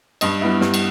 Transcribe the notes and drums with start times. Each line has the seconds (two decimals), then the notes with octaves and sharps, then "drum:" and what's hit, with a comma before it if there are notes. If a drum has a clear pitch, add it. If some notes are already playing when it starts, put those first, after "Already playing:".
0.21 G2 D#5, drum: cymbal
0.41 G3 B3 E4
0.61 G2, drum: snare
0.74 drum: cymbal